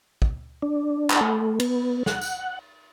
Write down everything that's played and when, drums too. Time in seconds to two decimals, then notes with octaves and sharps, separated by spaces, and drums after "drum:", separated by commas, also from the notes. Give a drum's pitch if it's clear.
0.22 drum: kick
0.62 D4
1.10 drum: clap
1.21 A3
1.60 B3, drum: cymbal
2.06 F#5, drum: snare
2.21 drum: tambourine